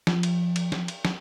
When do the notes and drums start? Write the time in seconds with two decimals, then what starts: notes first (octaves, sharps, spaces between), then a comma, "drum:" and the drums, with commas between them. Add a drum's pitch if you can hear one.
0.07 F3, drum: snare
0.23 drum: cymbal
0.56 drum: cymbal
0.72 drum: snare
0.88 drum: cymbal
1.05 drum: snare